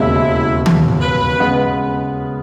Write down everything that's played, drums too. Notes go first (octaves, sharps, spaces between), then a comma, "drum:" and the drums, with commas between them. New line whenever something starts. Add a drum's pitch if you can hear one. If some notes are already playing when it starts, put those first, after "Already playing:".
Already playing: E1 D#2 C#3 G#3 E4
drum: tom D#3
B4
C#3 G#3 B3